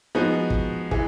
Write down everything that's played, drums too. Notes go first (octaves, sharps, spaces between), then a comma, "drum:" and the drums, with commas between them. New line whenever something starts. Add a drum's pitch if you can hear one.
F3 G#3 B3 D#4 F#4
drum: kick
E3 G#3, drum: kick